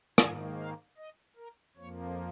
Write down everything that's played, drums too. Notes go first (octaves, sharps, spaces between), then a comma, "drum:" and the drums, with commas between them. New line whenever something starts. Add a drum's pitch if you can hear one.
G#2 D#3 A#3 G#5, drum: rim click
F5
D#5
A#4
F2 F3 A#3 C#5